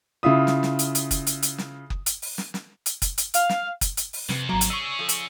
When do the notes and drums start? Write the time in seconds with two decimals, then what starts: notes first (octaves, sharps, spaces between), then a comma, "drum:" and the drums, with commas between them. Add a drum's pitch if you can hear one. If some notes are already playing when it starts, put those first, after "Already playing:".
0.23 C#3 E4 F4 E5 D#6
0.47 drum: snare
0.63 drum: snare
0.79 drum: hi-hat
0.95 drum: hi-hat
1.11 drum: kick F#1, hi-hat
1.27 drum: hi-hat
1.42 drum: hi-hat
1.58 drum: snare
1.90 drum: kick F#1
2.06 drum: hi-hat
2.22 drum: open hi-hat
2.38 drum: snare
2.54 drum: snare
2.86 drum: hi-hat
3.02 drum: kick F#1, hi-hat
3.18 drum: hi-hat
3.34 F5, drum: hi-hat
3.49 drum: snare
3.81 drum: kick F#1, hi-hat
3.97 drum: hi-hat
4.13 drum: open hi-hat
4.29 F2 C3 B4, drum: snare
4.49 G#1 B2 F#3 A#3 A#5
4.61 drum: hi-hat
4.70 C#4 G#4 D5 C#6 E6
4.99 F3 A4
5.09 drum: hi-hat